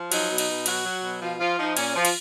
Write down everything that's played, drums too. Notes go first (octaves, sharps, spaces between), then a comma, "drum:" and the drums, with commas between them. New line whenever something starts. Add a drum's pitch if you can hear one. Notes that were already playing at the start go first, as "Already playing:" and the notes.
Already playing: F3
F#3 D#4, drum: cymbal
B2
D#4, drum: cymbal
B2
F#3 F#4, drum: cymbal
F#3
B2
F3 F4
F3 F4
F3 D#4
A#2 C#4, drum: cymbal
F3 F4
drum: cymbal